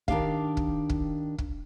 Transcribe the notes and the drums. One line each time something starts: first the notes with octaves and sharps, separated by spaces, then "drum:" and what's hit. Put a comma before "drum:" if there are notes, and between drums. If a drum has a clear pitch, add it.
D#3 D4 G4 F5, drum: kick
drum: kick
drum: kick
drum: kick